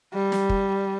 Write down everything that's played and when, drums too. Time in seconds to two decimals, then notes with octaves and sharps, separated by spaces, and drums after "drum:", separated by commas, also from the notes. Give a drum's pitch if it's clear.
0.14 G3
0.32 drum: snare
0.49 drum: kick